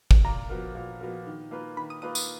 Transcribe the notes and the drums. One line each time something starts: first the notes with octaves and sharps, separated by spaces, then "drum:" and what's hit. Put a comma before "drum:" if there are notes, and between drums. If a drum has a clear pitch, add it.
drum: kick
A#2 A#5
F3 B3 F#4 A#4
A#2
F3 B3 F#4 A#4
D#3
A#3 F4 B4
D#3 B5
D#6
A#3 F4 B4 D#6
D#6, drum: tambourine